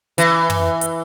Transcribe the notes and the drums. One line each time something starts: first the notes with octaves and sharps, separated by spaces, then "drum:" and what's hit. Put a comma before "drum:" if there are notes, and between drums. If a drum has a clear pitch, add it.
E3, drum: hi-hat
drum: tom
drum: hi-hat